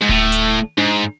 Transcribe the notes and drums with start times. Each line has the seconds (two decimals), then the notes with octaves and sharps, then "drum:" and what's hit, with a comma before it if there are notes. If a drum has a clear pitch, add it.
0.01 G#2
0.09 A2, drum: kick D1
0.32 drum: hi-hat
0.78 G#2, drum: tom D4